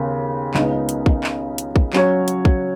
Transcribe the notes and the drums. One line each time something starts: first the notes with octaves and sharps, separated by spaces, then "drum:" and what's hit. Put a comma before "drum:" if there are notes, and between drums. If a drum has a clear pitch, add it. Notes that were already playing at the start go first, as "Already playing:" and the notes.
Already playing: D#2 C#3 B3
C#2 C#3 B3 D#4, drum: clap
drum: hi-hat
drum: kick
drum: clap
drum: hi-hat
drum: kick
F#3 C#4 F#4 C#5, drum: clap
drum: hi-hat
drum: kick